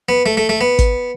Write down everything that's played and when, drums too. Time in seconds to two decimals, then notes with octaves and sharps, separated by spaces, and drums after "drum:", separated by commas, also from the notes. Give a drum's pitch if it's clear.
0.09 B3
0.26 A3
0.37 A3
0.49 A3
0.61 B3
0.79 drum: kick, hi-hat